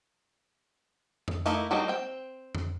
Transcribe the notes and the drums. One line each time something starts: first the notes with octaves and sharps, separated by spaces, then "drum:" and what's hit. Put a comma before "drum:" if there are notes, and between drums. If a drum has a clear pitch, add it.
drum: tom F2
A3 A#3 D#4 E4, drum: hi-hat
F#3 G3 A#3 D#4
C4 G5
drum: tom F2